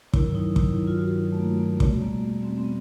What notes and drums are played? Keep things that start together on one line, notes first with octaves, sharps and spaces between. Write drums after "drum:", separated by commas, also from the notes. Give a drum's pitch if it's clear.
G2 D#3 F#3 E4, drum: kick
D#4
E4, drum: kick
D#4
F4
F#4
D#4
A3
A#3
A#3
E2 B2 G3 A3, drum: kick
A#3
A#3
C4
C4
B3